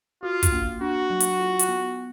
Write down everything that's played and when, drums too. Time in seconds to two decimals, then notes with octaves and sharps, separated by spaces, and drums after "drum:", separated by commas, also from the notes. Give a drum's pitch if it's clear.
0.23 F4 F#4
0.43 drum: kick, hi-hat
0.52 A#3
0.81 D4 F#4
1.10 F#3
1.20 drum: hi-hat
1.40 F4
1.59 drum: hi-hat
1.69 B3